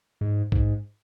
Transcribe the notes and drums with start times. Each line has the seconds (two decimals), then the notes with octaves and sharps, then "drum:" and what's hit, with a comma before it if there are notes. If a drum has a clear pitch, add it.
0.21 G#2
0.52 G#2, drum: kick A#1